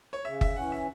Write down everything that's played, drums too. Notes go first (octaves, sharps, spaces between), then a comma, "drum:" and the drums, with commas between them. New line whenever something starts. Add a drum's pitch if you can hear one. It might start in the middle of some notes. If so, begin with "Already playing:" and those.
C#5
C#3 E5
E5, drum: kick F#1
E3 C#4 F#5
E5